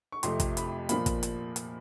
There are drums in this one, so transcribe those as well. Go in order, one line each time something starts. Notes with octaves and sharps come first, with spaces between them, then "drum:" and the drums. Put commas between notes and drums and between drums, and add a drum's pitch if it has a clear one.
C#6
F2 C3 F3 A3 C6, drum: hi-hat
drum: kick, hi-hat
B5, drum: hi-hat
A#2 F3 A#3 B5, drum: hi-hat
drum: kick, hi-hat
drum: hi-hat
drum: hi-hat